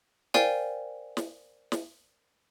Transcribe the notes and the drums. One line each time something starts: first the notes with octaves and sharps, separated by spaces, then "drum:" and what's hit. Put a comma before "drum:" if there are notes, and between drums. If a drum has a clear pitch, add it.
A#4 C5 D5 F5 G5 G#5, drum: snare
drum: snare
drum: snare